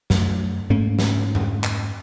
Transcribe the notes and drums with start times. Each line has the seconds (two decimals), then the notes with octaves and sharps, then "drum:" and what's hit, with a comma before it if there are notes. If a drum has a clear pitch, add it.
0.10 F#2 A3, drum: snare
0.70 G#2 A3 A#3 C#4
0.99 drum: snare
1.35 drum: tom F2
1.64 drum: clap